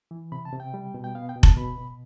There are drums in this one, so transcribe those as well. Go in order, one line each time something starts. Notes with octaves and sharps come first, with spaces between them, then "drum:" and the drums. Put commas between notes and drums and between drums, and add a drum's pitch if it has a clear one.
E3
C3 B5
A5
C3
G5
G3
B2
G5
B3 F5
G5
B2
A5, drum: kick F1
B2 B5
B2